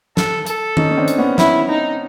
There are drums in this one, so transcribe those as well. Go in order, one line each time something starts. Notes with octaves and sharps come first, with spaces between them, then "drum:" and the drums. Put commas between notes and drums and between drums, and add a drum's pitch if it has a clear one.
A4, drum: snare
A4, drum: hi-hat
C#4 D#4, drum: tom D#3
C#4
C4 D4
drum: hi-hat
B3 C#4
E4, drum: snare
D#4